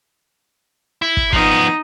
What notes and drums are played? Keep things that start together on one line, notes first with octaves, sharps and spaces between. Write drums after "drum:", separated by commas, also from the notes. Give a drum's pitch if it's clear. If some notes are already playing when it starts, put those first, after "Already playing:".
E4
drum: kick
F3 B3 D#4, drum: kick